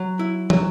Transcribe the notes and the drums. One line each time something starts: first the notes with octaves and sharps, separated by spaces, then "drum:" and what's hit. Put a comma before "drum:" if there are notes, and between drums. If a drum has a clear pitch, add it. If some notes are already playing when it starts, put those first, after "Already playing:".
Already playing: F#3
E4
F#3, drum: tom